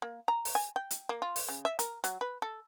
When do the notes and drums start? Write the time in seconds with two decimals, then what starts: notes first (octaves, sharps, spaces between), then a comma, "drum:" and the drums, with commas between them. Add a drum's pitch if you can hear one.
0.02 A#3
0.28 A#5
0.45 drum: open hi-hat
0.55 G#5
0.76 G5
0.91 drum: hi-hat
1.09 A#3
1.22 F4
1.36 drum: open hi-hat
1.49 C#3
1.65 E5
1.79 A#4, drum: hi-hat
2.04 F#3, drum: hi-hat
2.21 B4
2.42 A4